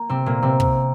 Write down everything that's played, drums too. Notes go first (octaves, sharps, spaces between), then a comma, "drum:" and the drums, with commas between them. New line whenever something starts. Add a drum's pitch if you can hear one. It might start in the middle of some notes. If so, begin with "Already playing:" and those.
Already playing: A#3
C3 C4
A#2 A#3
C3 C4
drum: kick